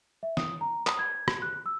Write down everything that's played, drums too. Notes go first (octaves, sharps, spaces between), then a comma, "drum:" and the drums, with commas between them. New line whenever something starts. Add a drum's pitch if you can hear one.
E5
D#6, drum: snare
A#5
D#6, drum: clap
G#6
drum: rim click
F#6
E6